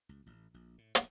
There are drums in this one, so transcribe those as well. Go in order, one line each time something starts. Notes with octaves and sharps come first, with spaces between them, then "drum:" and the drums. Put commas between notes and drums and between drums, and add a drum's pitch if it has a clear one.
C#2
A1
A#1
A2
B1, drum: hi-hat